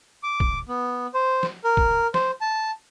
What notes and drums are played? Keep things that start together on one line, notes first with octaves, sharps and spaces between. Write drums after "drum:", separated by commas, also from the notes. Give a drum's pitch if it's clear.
D6
drum: kick
B3
C5
drum: snare
A#4
drum: kick
C5, drum: snare
A5